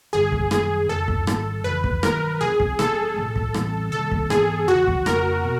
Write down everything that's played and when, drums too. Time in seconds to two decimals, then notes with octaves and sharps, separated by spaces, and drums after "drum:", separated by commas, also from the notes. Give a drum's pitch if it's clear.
0.13 G2 D3 F3 G#4
0.32 drum: kick
0.51 F#2 D#3 G3 G#4, drum: rim click
0.88 F2 C#3 F3 G#3 A4
1.08 drum: kick
1.27 G#2 D#3 G3, drum: rim click
1.64 F2 C#3 E3 B4
1.84 drum: kick
2.03 G2 D#3 F#3 A#4, drum: rim click
2.41 C3 F3 G#3 C4 G#4
2.60 drum: kick
2.79 C3 F3 G#3 A4, drum: rim click
3.16 A2 F3 A3
3.36 drum: kick
3.54 A2 E3 G3 C4, drum: rim click
3.92 C3 D#3 G3 A#3 A4
4.11 drum: kick
4.30 G#2 E3 G#3 B3 G#4, drum: rim click
4.68 E2 C#3 F3 F#4
4.87 drum: kick
5.06 F2 C#3 F3 A#3 A#4, drum: rim click
5.44 B2